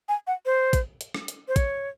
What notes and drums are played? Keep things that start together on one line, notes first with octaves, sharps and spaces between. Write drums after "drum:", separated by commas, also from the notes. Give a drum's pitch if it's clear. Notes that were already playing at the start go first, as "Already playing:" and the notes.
G#5
F#5
C5
drum: kick, hi-hat
drum: hi-hat
drum: rim click
drum: hi-hat
C5
C#5, drum: kick, hi-hat